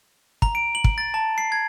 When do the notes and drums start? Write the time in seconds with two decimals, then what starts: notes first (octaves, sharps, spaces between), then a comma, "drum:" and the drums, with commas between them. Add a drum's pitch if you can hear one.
0.42 A#5, drum: kick
0.55 D7
0.75 F#7
0.84 drum: kick
0.98 A6
1.14 A5
1.38 C7
1.52 G#6